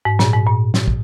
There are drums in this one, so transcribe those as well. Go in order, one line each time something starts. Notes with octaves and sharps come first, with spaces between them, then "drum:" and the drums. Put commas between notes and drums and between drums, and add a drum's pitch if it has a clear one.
G#2
A#2, drum: snare
G#2
A#2
drum: snare
drum: kick